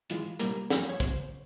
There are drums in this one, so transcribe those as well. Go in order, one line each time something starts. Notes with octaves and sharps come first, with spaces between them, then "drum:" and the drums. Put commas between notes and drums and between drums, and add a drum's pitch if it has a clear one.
G#2 E3 G#3 F4, drum: hi-hat
C2 A#2 G3 A#3 A#4, drum: hi-hat
G2 F3 A#3, drum: snare
C#5
C#2 C#3 C5, drum: kick, hi-hat